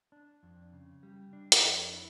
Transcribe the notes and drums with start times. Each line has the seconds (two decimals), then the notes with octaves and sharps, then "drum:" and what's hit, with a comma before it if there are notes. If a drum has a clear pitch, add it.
0.12 D4
0.43 F2
0.73 C#3
1.03 G3
1.33 D4
1.52 drum: hi-hat
1.63 F2
1.93 E4